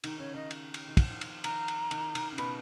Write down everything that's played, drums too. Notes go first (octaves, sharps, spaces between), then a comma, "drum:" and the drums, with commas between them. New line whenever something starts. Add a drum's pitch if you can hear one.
D#3 D#4, drum: cymbal
C#3 C#5
D#3 D#5
drum: cymbal
drum: cymbal
D#3
F3, drum: kick, cymbal
D#3
D#3, drum: cymbal
D#3 A#5, drum: cymbal
drum: cymbal
D#3, drum: cymbal
D#3, drum: cymbal
C#3
B2 B5, drum: cymbal